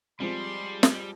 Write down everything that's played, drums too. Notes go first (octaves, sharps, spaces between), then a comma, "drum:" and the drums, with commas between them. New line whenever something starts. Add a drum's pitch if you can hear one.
F3 G3 G#3 C4 C6
drum: snare